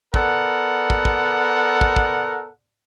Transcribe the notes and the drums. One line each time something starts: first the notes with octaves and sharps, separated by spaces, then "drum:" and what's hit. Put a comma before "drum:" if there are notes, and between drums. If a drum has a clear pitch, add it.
B3 A4 A#4 D5 F#5, drum: kick
drum: kick
drum: kick
drum: kick
drum: kick